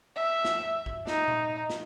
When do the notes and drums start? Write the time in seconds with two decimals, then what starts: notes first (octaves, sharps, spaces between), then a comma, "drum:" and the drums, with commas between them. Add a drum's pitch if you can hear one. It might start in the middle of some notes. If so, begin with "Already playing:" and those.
0.17 E5
0.45 drum: snare
0.86 drum: kick
1.07 D#4, drum: snare
1.28 drum: tom A#2
1.70 drum: snare